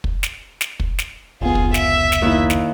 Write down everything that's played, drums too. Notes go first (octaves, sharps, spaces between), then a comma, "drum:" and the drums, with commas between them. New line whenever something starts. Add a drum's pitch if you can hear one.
drum: kick
drum: snare
drum: snare
drum: kick
drum: snare
F1 C#2 B3 F4 G#4
drum: kick
E5, drum: snare
drum: snare
D#2 E4
drum: snare